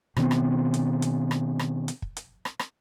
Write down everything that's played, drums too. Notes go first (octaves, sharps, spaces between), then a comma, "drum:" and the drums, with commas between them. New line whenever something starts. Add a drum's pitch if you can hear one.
B2 D#3 B3 C4, drum: rim click
drum: rim click
drum: hi-hat
drum: hi-hat
drum: rim click
drum: rim click
drum: hi-hat
drum: kick
drum: hi-hat
drum: rim click
drum: rim click